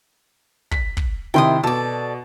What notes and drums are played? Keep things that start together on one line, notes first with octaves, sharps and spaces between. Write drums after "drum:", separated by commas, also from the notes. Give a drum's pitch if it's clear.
B6, drum: kick
drum: kick
C3 D#3 E4 G5 C6 D#6
B2 A4 D5